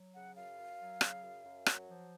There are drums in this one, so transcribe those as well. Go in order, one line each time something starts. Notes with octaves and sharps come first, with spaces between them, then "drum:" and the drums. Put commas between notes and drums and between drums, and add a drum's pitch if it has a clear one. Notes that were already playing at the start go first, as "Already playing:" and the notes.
Already playing: F#3
C#3 F#5
F#2 F5
F#2
F#3
C#3, drum: rim click
F#2
F#2
F#3, drum: rim click
F3